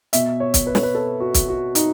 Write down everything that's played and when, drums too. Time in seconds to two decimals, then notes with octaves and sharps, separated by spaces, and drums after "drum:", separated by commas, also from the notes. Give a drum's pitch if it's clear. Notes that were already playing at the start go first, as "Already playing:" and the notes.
0.13 B2 E5, drum: hi-hat
0.40 C#5
0.54 drum: kick, hi-hat
0.67 B4
0.75 C#5, drum: snare
0.83 B4
0.95 A4
1.20 F#4
1.34 drum: kick, hi-hat
1.48 F#4
1.75 D#4, drum: hi-hat